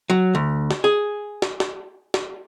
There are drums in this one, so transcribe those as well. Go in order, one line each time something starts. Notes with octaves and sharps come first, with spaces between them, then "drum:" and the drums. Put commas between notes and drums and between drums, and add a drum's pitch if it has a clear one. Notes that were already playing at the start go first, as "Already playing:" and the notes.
F#3
D2
drum: snare
G#4
drum: snare
drum: snare
drum: snare